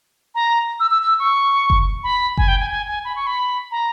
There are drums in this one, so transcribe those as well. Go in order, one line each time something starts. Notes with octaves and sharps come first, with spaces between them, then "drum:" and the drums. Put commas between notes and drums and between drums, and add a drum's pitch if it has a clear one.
A#5
E6
E6
E6
C#6
drum: kick F#1
B5
G#5, drum: kick F#1
G5
G#5
G#5
G#5
B5
C#6
B5
A#5